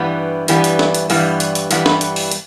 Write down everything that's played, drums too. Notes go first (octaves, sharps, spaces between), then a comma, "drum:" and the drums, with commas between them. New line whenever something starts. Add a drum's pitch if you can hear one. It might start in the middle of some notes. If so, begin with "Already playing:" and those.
Already playing: G2 E3 G3 B3
G2 E3 G3 B3, drum: hi-hat
drum: hi-hat
drum: snare
drum: hi-hat
G2 E3 G3 B3, drum: open hi-hat
drum: hi-hat
drum: hi-hat
G2 E3 G3 B3, drum: hi-hat
drum: snare
drum: hi-hat
drum: open hi-hat
drum: hi-hat